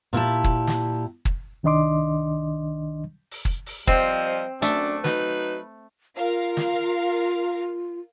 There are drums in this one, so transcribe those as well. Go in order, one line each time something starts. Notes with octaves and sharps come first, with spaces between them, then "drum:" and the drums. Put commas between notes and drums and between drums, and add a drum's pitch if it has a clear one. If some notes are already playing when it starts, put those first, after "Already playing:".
A#2 E4 G4 A5
drum: kick
drum: snare
drum: kick
C2 D#3 D4 D#5 C6 D6
drum: open hi-hat
drum: kick
drum: open hi-hat
F3 G3 C4 D#5, drum: kick
F#2 A3 D4, drum: hi-hat
F#3 D#4 B4, drum: snare
F4 A#4 F5
drum: snare